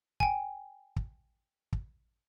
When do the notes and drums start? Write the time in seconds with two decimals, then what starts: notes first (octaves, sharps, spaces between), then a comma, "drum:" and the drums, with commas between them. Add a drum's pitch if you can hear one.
0.20 G5 G#5, drum: kick
0.96 drum: kick
1.73 drum: kick